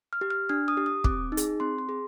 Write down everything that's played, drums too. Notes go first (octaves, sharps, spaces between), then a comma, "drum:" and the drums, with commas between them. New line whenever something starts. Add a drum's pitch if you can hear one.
F6
G4
F6
D4 F6
D#6
G4
D#6
C4 D6, drum: kick
D#4
G#4, drum: hi-hat
C4 C6
C6
G#4